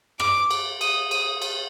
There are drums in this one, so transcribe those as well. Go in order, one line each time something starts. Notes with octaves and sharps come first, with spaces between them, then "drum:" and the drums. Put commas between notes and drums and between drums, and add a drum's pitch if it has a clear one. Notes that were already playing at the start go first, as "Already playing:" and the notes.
D6, drum: rim click
drum: cymbal
D#6, drum: cymbal
D#6, drum: cymbal
drum: cymbal